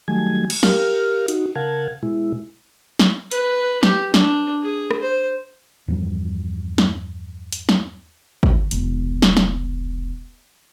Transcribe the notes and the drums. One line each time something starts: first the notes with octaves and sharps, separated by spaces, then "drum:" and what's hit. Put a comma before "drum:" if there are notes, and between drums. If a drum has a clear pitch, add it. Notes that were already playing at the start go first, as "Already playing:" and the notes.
D#3 F#3 G3 A3 G#5 G#6
drum: cymbal
G4 A#4 F5 F6, drum: snare
D#4 F#4, drum: hi-hat
C#3 A#4 F5 F#5 A5 G#6
B2 G#3 E4
drum: snare
B4, drum: hi-hat
G4, drum: snare
D4, drum: snare
G#4
drum: rim click
C5
E2 G2 F3 G3
drum: snare
drum: hi-hat
drum: snare
drum: kick
E1 C2, drum: hi-hat
drum: snare
drum: snare